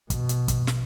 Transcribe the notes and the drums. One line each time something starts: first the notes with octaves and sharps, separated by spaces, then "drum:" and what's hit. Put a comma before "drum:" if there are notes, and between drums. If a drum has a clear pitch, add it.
B2, drum: kick, hi-hat
drum: hi-hat
drum: kick, hi-hat
drum: snare